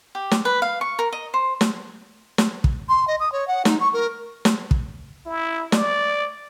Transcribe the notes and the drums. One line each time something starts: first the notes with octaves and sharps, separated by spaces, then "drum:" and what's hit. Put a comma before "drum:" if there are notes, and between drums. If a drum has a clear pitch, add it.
G4
drum: snare
B4
F5
C#6
A#4
D#5
C5
drum: snare
drum: snare
drum: kick
C6
D#5
D#6
C#5
F#5
D#4, drum: snare
C#6
A#4
drum: snare
drum: kick
E4
D5, drum: snare